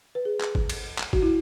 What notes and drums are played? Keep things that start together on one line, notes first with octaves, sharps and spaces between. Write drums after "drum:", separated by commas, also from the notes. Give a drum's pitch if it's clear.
B4
G#4
drum: clap
drum: kick G#1
drum: cymbal
drum: clap
F#4, drum: kick G#1
E4